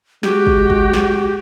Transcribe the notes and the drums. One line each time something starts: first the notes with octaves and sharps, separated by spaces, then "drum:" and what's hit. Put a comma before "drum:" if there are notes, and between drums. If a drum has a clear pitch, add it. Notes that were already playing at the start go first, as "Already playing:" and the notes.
G#3 F#4 G4, drum: snare
drum: kick
drum: kick
drum: snare